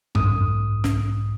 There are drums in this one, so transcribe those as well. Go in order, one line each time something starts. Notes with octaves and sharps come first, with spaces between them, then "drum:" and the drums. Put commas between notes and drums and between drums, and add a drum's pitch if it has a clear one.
B1 G#2 D#6, drum: tom F#2
drum: snare